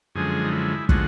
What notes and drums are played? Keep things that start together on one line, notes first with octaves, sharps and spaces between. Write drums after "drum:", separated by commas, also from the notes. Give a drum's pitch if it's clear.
F#2 D3 F3 G#3 G#4
D#4
E4
D3 F3 G#3 F#4, drum: kick